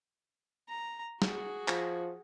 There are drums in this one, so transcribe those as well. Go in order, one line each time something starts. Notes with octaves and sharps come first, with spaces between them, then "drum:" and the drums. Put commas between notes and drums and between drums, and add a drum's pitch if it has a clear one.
A#5
F#4 G#4, drum: snare
F3, drum: clap